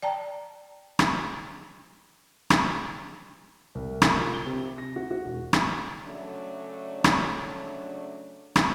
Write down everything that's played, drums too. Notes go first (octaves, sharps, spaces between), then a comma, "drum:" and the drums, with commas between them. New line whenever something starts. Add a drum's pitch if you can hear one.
D5 G5 A5 A#5
drum: rim click
drum: rim click
C2
drum: rim click
F4
G7
C3
A#6
F#4
F#4
E1
drum: rim click
C#3 F#3 A3 D4
drum: rim click
drum: rim click